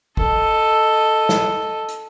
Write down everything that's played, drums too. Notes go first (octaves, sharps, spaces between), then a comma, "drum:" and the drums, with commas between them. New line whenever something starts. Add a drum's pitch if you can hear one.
A4 D#5, drum: kick
drum: snare
drum: hi-hat